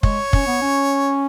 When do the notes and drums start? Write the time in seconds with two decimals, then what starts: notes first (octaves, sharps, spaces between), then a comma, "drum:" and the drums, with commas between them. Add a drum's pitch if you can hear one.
0.03 G#3 C#5, drum: kick
0.33 C#4, drum: kick
0.47 B3
0.62 C#4